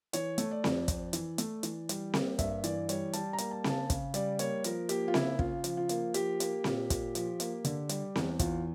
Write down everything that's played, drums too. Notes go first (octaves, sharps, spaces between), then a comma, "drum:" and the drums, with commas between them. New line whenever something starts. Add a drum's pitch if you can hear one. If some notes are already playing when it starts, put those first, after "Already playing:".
E3 C#5, drum: hi-hat
A3, drum: hi-hat
D5
F2, drum: snare C4
F2, drum: kick, hi-hat
E3, drum: hi-hat
A3, drum: hi-hat
E3, drum: hi-hat
G3, drum: hi-hat
A#3, drum: snare C4
G2 E5, drum: kick, hi-hat
E3 D5, drum: hi-hat
G3 C#5, drum: hi-hat
G3 A5, drum: hi-hat
A#5
A#3, drum: hi-hat
A5
C#3, drum: snare C4
A5
C#3, drum: kick, hi-hat
G3 D5, drum: hi-hat
A#3 C#5, drum: hi-hat
F3 A#4, drum: hi-hat
A#3 G4, drum: hi-hat
F4
C#3 E4, drum: snare C4
C#3 F4, drum: kick
F3, drum: hi-hat
F4
A#3, drum: hi-hat
F3 G4, drum: hi-hat
A#3, drum: hi-hat
A#2, drum: snare C4
A#2, drum: kick, hi-hat
F3, drum: hi-hat
A#3, drum: hi-hat
D3, drum: hi-hat
G3, drum: hi-hat
E2, drum: snare C4
E2 F4, drum: kick, hi-hat